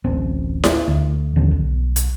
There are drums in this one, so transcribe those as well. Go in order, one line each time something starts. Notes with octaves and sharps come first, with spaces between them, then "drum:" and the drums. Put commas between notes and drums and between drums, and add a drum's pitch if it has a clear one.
D1 A1 C4
drum: snare E4
D2
A1 D#2 D3 F3
B1
drum: hi-hat